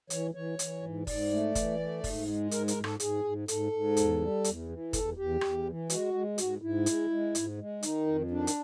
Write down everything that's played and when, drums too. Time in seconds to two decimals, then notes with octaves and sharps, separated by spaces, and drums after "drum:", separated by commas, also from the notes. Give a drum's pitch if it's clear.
0.10 E3 C#5, drum: hi-hat
0.35 E3 C#5
0.59 E3, drum: hi-hat
0.83 G#2
1.07 G#2 D5, drum: kick, open hi-hat
1.31 A3
1.55 E3, drum: kick, hi-hat
1.79 A3
2.04 G#2, drum: kick, open hi-hat
2.28 G#3
2.51 G#2 A#4, drum: hi-hat
2.68 A#4, drum: hi-hat
2.76 G#2
2.84 A4, drum: rim click
3.00 G#2 G#4, drum: hi-hat
3.24 G#2
3.48 G#2 A4, drum: hi-hat
3.72 G#2
3.97 E2, drum: hi-hat
4.20 G3
4.44 E2, drum: hi-hat
4.69 E3
4.93 E2 A4, drum: kick, hi-hat
5.17 E2 G4
5.41 E2, drum: rim click
5.65 E3
5.90 G#3 F#4, drum: hi-hat
6.14 G#3
6.38 G#2 F#4, drum: hi-hat
6.62 G#2 E4
6.86 G#3, drum: hi-hat
7.10 G#3
7.35 G#2, drum: hi-hat
7.59 G#3
7.83 D#3 D#4, drum: hi-hat
8.07 F2
8.31 D#3 D4
8.47 drum: hi-hat